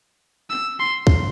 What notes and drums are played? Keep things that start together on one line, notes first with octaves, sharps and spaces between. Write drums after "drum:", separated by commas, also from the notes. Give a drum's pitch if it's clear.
E6
C6
drum: kick